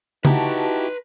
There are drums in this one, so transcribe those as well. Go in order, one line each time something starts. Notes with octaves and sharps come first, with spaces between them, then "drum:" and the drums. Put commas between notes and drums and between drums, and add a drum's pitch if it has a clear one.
D#4 E4 F#4 G4 B4 A5 A#5, drum: tom C#3